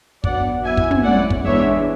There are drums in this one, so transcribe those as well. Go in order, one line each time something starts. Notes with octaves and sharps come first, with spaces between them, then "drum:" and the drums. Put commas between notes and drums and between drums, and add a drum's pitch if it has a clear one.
F#3 B3 D4 D5 F#5, drum: kick
F#3 B3 E4 E5 G#5
drum: kick
drum: tom
G#3 C#4 E4 D5 F#5
drum: kick
E3 G#3 B3 D4 C#5 E5